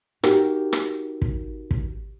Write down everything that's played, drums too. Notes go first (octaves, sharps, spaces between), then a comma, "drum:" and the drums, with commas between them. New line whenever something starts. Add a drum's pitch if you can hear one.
D#4 F#4 G4 A#4, drum: rim click
drum: rim click
drum: kick
drum: kick